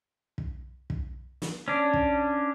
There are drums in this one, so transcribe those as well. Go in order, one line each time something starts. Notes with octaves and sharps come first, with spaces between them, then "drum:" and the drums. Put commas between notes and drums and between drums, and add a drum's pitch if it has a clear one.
drum: kick
drum: kick
drum: snare
C#4 D4
drum: kick